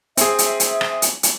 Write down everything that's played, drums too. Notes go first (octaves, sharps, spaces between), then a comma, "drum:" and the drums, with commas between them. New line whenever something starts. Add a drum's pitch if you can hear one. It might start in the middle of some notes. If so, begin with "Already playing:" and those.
C4 G#4 E5, drum: hi-hat
drum: hi-hat
drum: hi-hat
drum: rim click
drum: hi-hat
drum: hi-hat